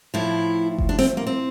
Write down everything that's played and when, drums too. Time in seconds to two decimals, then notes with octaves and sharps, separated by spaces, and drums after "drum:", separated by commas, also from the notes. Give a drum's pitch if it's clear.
0.14 A2 F3 E4
0.78 drum: kick F#1
0.89 D4
0.99 C4, drum: snare
1.17 A#3
1.27 C4